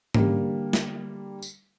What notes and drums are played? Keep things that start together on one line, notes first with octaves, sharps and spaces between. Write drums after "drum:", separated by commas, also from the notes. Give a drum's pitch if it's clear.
D3 G3 A#3, drum: tom
drum: snare
drum: tambourine